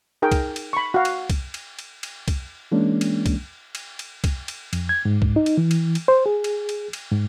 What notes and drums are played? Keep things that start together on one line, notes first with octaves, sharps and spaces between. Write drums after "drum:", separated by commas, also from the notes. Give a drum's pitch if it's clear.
D#4 G#4 A#4 G5
drum: kick C2, cymbal
drum: cymbal
B5 C#6
F#4 F5
drum: cymbal
drum: kick C2, cymbal
drum: cymbal
drum: cymbal
drum: cymbal
drum: kick C2, cymbal
E3 G#3 A#3 C#4 D4
drum: cymbal
drum: kick C2, cymbal
drum: cymbal
drum: cymbal
drum: kick C2, cymbal
drum: cymbal
F2, drum: cymbal
G#6
G#2
drum: kick C2
D#4
drum: cymbal
E3
drum: cymbal
drum: cymbal
C5
G#4
drum: cymbal
drum: cymbal
drum: cymbal
G#2